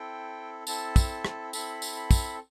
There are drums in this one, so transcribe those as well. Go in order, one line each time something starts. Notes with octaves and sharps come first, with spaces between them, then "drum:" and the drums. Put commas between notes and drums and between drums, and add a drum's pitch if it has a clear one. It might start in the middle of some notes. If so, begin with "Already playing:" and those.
Already playing: C4 E4 A4 G5
C4 E4 A4 A5, drum: tambourine
drum: kick, tambourine
drum: rim click
C4 E4 A4 B5, drum: tambourine
drum: tambourine
B5
drum: kick, tambourine